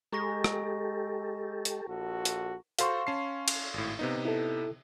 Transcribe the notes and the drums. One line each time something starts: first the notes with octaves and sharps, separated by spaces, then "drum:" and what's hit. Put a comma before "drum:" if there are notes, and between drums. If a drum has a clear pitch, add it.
G#3 G4 A4 A#5 C#6 A#6
drum: rim click
drum: hi-hat
A#1 F#4 A4
drum: hi-hat
F#4 A4 C5 F5 C6 C#6, drum: hi-hat
C#4 A5 C7
drum: cymbal
G#1 A2
C3 B3 D#4
E4 A4